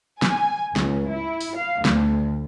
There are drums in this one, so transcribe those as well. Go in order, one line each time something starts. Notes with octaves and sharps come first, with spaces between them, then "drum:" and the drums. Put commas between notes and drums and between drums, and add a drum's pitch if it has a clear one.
G#5, drum: snare
C#2, drum: snare
E4
drum: open hi-hat
F5
D2, drum: snare